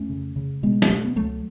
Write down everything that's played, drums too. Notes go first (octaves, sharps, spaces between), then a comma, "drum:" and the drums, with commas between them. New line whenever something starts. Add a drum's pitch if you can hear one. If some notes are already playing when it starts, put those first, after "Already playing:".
Already playing: F2 A3 C#4
C#3
C#3
B2 G#3 B3
B3, drum: snare
B2 F#3 A3
B3
C#2 F#3 A3